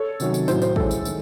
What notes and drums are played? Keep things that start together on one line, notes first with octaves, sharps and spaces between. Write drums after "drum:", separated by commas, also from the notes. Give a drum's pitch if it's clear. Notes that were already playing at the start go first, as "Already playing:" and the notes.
Already playing: A4 C#5
C3 D#3 F#3 C#4, drum: tambourine
drum: tambourine
A2 F#3 C#4 C5, drum: tambourine
C5, drum: tambourine
E3 G#3 C#4 A4, drum: kick
drum: tambourine
D#3 G#3, drum: tambourine